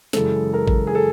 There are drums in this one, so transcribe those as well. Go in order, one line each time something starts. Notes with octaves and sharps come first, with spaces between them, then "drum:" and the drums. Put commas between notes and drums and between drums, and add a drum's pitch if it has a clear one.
F#2 C#3 E3 G#3 A4, drum: snare
A#4
drum: kick A1
G#4
A4